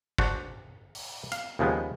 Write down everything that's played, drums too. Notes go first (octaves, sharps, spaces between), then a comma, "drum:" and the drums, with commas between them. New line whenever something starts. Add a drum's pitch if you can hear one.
D4 F#4 C5, drum: kick
drum: open hi-hat
F5, drum: hi-hat
D#2 C#3 F3 G#3 B3